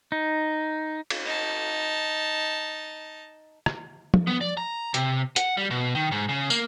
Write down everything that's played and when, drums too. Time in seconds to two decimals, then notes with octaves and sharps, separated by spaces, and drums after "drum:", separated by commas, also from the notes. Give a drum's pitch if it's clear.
0.12 D#4
1.10 drum: cymbal
1.25 D#4 A5
3.66 drum: rim click
4.14 drum: tom
4.27 B3
4.41 D5
4.57 A#5
4.94 C3, drum: hi-hat
5.36 F#5, drum: hi-hat
5.57 G3
5.71 B2
5.95 D#3
6.12 G#2
6.29 C#3
6.50 A#3, drum: tambourine